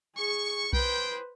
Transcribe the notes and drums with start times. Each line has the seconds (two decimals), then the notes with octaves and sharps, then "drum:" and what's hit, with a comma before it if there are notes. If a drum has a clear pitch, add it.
0.17 G#4 C#6
0.73 G#4 B4 C5 G5, drum: kick C2